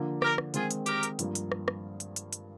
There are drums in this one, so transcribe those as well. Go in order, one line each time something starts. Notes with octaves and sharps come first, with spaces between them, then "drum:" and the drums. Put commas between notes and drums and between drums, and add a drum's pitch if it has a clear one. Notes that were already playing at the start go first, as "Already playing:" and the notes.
Already playing: D3 F3 A#3 D4
G4 A#4, drum: rim click
drum: rim click
D#3 G#3 C4 F4 G#4, drum: hi-hat
drum: hi-hat
G4 A#4, drum: hi-hat
drum: hi-hat
G2 F3 A#3, drum: hi-hat
drum: hi-hat
drum: rim click
drum: rim click
drum: hi-hat
drum: hi-hat
drum: hi-hat